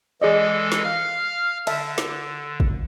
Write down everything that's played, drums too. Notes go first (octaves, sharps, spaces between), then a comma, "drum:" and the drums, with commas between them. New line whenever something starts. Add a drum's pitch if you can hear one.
E3 G#3 G#4 A4 D5 D#5
drum: snare
F5 F6
D3 E5 A5, drum: cymbal
drum: snare
drum: kick